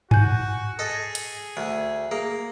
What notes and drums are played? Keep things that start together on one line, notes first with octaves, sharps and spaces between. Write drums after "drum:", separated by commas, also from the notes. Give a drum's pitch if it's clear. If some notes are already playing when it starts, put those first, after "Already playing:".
F#4 G#5 G6, drum: tom G2
G#4 A4 D#5
drum: hi-hat
D2
A#3 G#4